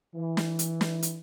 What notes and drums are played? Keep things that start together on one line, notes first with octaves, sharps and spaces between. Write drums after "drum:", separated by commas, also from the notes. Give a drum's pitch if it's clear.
E3
drum: snare
drum: hi-hat
drum: snare
drum: hi-hat